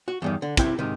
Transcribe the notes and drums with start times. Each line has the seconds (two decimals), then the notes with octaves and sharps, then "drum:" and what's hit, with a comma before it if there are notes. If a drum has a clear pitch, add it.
0.08 F#4
0.22 E2 G2 D#3
0.42 D3
0.57 C3 E4 G5, drum: kick, hi-hat
0.79 G#2 C3 D#3